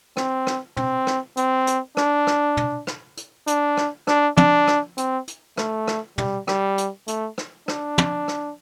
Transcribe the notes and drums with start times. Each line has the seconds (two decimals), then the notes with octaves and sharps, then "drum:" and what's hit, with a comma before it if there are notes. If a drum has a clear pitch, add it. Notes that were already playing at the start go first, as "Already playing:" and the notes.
0.17 C4, drum: rim click
0.47 drum: rim click
0.77 C4, drum: tom
1.07 drum: rim click
1.37 C4, drum: hi-hat
1.67 drum: hi-hat
1.97 D4, drum: rim click
2.27 drum: rim click
2.57 drum: tom
2.87 drum: rim click
3.17 drum: hi-hat
3.47 D4, drum: hi-hat
3.77 drum: rim click
4.07 D4, drum: rim click
4.37 D4, drum: tom
4.67 drum: rim click
4.97 C4, drum: hi-hat
5.27 drum: hi-hat
5.57 A3, drum: rim click
5.88 drum: rim click
6.18 G3, drum: tom
6.48 G3, drum: rim click
6.78 drum: hi-hat
7.07 A3, drum: hi-hat
7.38 drum: rim click
7.68 D4, drum: rim click
7.98 drum: tom
8.28 drum: rim click